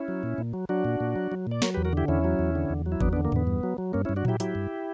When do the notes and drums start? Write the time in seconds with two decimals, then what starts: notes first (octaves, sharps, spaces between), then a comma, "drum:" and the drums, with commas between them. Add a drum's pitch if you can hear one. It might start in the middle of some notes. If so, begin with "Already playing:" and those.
Already playing: C#4 E4
0.08 F#3
0.23 A#2
0.38 A#2
0.53 F#3
0.69 F#3 D4 F#4
0.85 A#2
1.00 A#2
1.16 F#3
1.32 F#3
1.47 A#2 D5
1.62 F#3 A#4 C#5, drum: snare
1.74 E2 G4 B4
1.85 F#4 A#4
1.93 D3 E4 G4
2.08 E2 C#4 E4
2.24 F#3
2.39 E2
2.55 D3
2.70 E2
2.86 F#3
2.92 E4
3.01 E2 B3 D4, drum: kick
3.13 B3 D4
3.17 D3
3.25 A#3
3.32 E2 B3, drum: tom G#2
3.47 G2
3.63 F#3
3.78 F#3
3.93 G2 A#3 C#4
4.05 G2 C#4 E4
4.16 D4 F#4
4.25 F#3 E4 G4, drum: tom A2
4.40 F#3 E4 G4, drum: hi-hat
4.55 G2